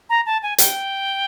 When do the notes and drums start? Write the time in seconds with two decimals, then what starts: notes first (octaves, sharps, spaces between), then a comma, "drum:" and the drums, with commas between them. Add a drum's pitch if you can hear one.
0.10 A#5
0.26 A5
0.43 G#5
0.58 G5, drum: hi-hat